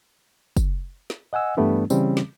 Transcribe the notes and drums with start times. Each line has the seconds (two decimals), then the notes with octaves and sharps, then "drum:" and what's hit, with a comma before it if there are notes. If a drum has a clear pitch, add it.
0.57 drum: kick, tambourine
1.10 drum: snare
1.33 D#5 F#5 G#5 E6
1.57 G2 E3 G3 A3 B3 D4
1.90 C#3 E3 G3 C4 C#4, drum: tambourine
2.17 drum: snare